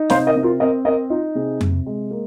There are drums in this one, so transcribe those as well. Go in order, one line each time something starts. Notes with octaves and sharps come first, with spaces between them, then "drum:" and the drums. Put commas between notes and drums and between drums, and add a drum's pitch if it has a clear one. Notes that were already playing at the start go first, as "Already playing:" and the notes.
Already playing: D#4
C3 C5 F5, drum: snare
A#4 D#5
C3
F4 A#4
C4 A#4 D#5
C4 A#4 D#5
D#4 F4
C3 G#4
C3, drum: tom F2
G#3
A#3